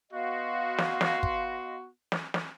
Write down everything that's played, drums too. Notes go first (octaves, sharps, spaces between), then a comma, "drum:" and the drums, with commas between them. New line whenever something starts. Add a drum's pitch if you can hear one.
B3 F#4 D#5 F5 C6
drum: snare
drum: snare
drum: kick
drum: snare
drum: snare